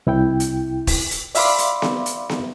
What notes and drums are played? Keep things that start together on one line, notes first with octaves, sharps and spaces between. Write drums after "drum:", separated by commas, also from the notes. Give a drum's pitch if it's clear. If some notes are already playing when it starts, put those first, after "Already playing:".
C2 E4 G5
drum: hi-hat
drum: kick, open hi-hat
drum: hi-hat
D5 E5 F5 B5 C6 D6, drum: open hi-hat
drum: hi-hat
drum: snare B3
drum: hi-hat
drum: snare B3